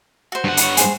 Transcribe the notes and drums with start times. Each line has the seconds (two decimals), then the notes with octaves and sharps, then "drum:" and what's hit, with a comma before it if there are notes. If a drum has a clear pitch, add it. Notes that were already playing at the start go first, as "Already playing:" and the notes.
0.32 F#4 C5
0.44 G2 F#5
0.57 C#5 B5, drum: hi-hat
0.77 G#4 C5, drum: hi-hat